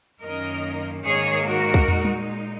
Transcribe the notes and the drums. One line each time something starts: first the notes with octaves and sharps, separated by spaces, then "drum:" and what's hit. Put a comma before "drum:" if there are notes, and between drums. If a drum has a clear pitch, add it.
F#2 D#3 A#3 C#4 A#4 D#5
G#2 D#3 A#3 G#4 C#5
F#4 A#4
drum: kick
A#2 G#3 D#4, drum: tom
drum: tom G3